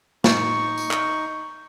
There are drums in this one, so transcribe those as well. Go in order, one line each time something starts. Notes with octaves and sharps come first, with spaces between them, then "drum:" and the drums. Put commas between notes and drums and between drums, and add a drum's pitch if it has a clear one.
D#4 C#6, drum: snare
drum: tambourine
drum: clap